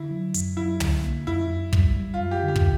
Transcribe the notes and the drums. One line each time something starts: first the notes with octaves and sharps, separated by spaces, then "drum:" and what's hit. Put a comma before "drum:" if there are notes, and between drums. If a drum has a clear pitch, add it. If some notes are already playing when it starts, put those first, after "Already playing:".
Already playing: D3 E4
F#3
F#2, drum: hi-hat
F#3 E4
D3, drum: tom
A#3
F#2 E4
F#2
G3, drum: kick
G3
F4
F#2
G4
D3 G4
drum: kick